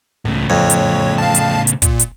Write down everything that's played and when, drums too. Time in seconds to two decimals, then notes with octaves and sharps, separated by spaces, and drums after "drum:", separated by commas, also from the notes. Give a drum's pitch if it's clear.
0.25 C#2 A2 C#3
0.50 F2 C#5
0.70 drum: hi-hat
1.18 F5 A5
1.35 drum: hi-hat
1.67 drum: hi-hat
1.82 A#2, drum: kick, hi-hat
1.99 drum: hi-hat